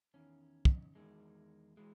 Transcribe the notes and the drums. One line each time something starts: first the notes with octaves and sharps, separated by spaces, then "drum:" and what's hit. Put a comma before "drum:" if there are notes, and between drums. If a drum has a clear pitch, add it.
E2 D#3 C#4
drum: kick
E2 D#3 G#3
E3 G#3